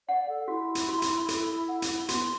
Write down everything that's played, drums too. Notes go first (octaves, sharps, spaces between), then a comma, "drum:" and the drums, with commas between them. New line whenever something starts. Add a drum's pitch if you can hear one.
D5 F#5
A4
E4 F#4
drum: hi-hat
F#4
drum: hi-hat
A4, drum: hi-hat
F#5
drum: hi-hat
B3 F#4, drum: hi-hat